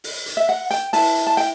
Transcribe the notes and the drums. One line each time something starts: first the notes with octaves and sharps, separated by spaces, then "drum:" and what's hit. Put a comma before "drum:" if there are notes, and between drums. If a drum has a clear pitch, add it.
drum: open hi-hat
drum: hi-hat
E5
F#5
G5, drum: hi-hat
E4 B4 A5, drum: open hi-hat
drum: hi-hat
A5
G5, drum: hi-hat